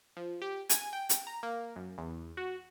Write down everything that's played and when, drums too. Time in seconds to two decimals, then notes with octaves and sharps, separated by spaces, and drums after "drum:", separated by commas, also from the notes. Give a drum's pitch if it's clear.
0.17 F3
0.42 G4
0.70 G#5, drum: hi-hat
0.93 G5
1.09 drum: hi-hat
1.27 A#5
1.43 A#3
1.76 F#2
1.98 E2
2.37 F#4